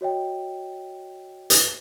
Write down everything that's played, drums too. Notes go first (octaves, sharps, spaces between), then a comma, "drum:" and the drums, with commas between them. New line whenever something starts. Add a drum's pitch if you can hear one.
F#4 C#5 D#5 G5
drum: hi-hat